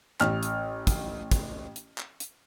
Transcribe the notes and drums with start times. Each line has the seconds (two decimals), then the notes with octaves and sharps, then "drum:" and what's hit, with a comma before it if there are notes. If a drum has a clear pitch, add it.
0.20 A1 F6, drum: clap
0.43 drum: hi-hat
0.87 drum: kick, hi-hat
1.31 drum: kick, hi-hat
1.76 drum: hi-hat
1.98 drum: clap
2.20 drum: hi-hat